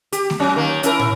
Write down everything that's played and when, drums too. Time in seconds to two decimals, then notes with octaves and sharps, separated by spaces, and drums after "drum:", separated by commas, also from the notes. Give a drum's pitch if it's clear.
0.12 G4, drum: hi-hat
0.30 drum: snare A3
0.39 A#2 F#3 C#4
0.56 D#3 A#3
0.83 C#4 E4 A#4, drum: hi-hat
0.99 drum: tom